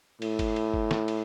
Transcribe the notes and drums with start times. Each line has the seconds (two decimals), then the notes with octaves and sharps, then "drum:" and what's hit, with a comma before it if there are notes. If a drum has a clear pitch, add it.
0.22 A2, drum: cymbal
0.39 drum: kick G1, cymbal
0.56 drum: cymbal
0.74 drum: kick G1
0.91 drum: snare
1.08 drum: cymbal